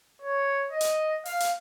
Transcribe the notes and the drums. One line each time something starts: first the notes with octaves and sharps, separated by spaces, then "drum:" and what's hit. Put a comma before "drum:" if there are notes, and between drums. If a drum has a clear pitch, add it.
C#5
D#5
drum: hi-hat
F5, drum: open hi-hat
drum: hi-hat